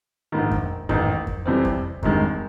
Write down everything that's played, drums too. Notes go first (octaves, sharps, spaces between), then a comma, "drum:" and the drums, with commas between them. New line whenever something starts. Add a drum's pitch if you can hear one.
A#1 G#2 D#3
drum: kick F2
A1 G#2 D#3, drum: kick F2
drum: kick F2
F2 C3 E3 G3 C4
drum: kick F2
G#1 G2 D#3 G#3, drum: kick F2